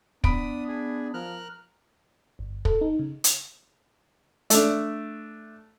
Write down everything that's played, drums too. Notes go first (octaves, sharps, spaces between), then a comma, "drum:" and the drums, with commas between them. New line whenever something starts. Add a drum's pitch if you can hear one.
B3 D4 B5 D#6 D7, drum: kick
G#4
F3 A#4 F6 F#6
G1
A4, drum: kick
D#4
C#3
drum: hi-hat
A3 D4, drum: hi-hat